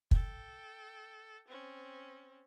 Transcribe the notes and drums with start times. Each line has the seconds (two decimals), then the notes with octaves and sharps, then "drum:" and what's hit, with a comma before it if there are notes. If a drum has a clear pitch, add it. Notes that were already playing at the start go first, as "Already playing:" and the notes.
0.11 A4 G5, drum: kick
1.48 C4 C#4